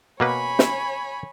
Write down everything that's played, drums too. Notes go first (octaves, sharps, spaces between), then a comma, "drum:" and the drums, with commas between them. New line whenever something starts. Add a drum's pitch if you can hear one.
B2 A#3 B4 C#5 G#5 B5
drum: snare